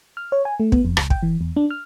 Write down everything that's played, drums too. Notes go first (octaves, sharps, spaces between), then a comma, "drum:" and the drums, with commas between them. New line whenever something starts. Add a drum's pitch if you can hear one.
F6
C#5
G#5
A3
B3, drum: kick
F2
C#2, drum: rim click
G5, drum: kick
E3
E2
D4
F6